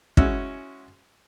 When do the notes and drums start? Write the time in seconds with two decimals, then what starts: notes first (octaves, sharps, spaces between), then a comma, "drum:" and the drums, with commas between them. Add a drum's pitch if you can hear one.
0.17 G#3 C#4 E4 F#4 E6, drum: kick